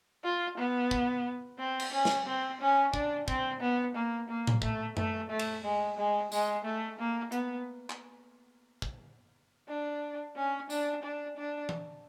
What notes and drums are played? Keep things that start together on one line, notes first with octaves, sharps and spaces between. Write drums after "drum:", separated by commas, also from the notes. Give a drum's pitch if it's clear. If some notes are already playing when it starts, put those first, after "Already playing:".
F4
B3
drum: kick
C4
drum: cymbal
C#4
drum: snare
C4
C#4
D4, drum: kick
C4, drum: kick
B3
A#3
A#3
drum: tom A2
A3, drum: kick
A3, drum: tom F#2
A3
drum: cymbal
G#3
G#3
G#3, drum: tambourine
A3
A#3
B3, drum: hi-hat
drum: clap
drum: kick
D4
C#4
D4, drum: tambourine
D4
D4
drum: tom E3